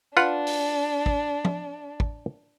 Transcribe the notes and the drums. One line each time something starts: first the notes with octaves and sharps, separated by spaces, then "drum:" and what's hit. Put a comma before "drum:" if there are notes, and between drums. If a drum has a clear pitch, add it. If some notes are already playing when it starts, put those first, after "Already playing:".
D4 F4 B4 F#5, drum: tambourine
drum: open hi-hat
drum: kick
drum: tom F3
drum: kick